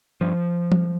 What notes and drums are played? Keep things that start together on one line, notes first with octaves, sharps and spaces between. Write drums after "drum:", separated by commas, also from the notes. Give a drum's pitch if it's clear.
G2 F3
drum: tom F3